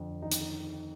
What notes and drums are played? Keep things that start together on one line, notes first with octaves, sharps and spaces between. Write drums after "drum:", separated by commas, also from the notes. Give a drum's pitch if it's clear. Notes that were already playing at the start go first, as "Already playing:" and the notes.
Already playing: F2 D3
D#3 D#4
drum: hi-hat